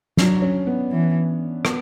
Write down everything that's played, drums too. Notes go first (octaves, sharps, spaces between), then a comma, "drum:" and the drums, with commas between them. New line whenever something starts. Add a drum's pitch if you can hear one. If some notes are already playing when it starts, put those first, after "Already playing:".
F#3 D4, drum: snare
C#4
B3
E3
B3, drum: rim click